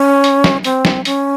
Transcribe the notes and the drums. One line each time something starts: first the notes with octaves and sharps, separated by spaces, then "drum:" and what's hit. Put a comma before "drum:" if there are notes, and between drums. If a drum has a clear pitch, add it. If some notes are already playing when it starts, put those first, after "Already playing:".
Already playing: C#4
drum: hi-hat
drum: snare
C4, drum: hi-hat
drum: snare
C#4, drum: hi-hat